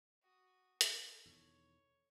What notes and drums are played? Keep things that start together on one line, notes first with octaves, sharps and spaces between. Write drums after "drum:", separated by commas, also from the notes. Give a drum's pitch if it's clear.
F#4 D#6
A4 D5, drum: hi-hat
E2 B2 D#3 C#5